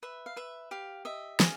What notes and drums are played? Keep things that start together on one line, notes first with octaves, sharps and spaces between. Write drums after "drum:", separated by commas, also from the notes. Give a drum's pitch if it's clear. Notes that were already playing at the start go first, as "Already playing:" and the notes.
B4 E5
F5
B4 E5
G4 F5
D#5 E5
G#4 F5, drum: snare